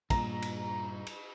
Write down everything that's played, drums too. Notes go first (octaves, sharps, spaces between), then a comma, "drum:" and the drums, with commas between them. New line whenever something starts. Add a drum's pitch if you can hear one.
G2 A#2 A#5, drum: kick, cymbal
drum: cymbal
drum: cymbal